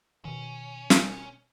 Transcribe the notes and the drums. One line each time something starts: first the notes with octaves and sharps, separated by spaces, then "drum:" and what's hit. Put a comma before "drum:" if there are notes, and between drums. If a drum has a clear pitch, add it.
B2 D#3 C#4
drum: snare